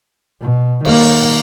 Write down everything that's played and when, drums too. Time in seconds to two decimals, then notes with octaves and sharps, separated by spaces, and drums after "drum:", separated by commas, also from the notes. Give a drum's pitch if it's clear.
0.41 B2
0.85 D#3 A#3, drum: cymbal